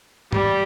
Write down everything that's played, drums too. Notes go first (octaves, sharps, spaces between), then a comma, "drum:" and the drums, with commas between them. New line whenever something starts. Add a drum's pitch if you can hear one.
G3, drum: tom